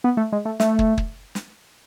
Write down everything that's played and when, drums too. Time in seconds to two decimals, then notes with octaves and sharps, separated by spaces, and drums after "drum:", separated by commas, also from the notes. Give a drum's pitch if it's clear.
0.04 B3
0.17 A3
0.32 G#3
0.45 A3
0.60 A3, drum: snare
0.79 drum: kick
0.98 drum: kick
1.35 drum: snare